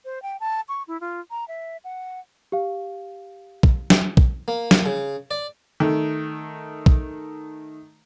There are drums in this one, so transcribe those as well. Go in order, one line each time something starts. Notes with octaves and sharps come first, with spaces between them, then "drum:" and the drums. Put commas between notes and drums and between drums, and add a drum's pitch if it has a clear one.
C5
G5
A5
C#6
E4
F4
A#5
E5
F#5
G4 F5
drum: kick
drum: snare
drum: kick
A#3
drum: snare
C#3
D5
D#3 A3
drum: kick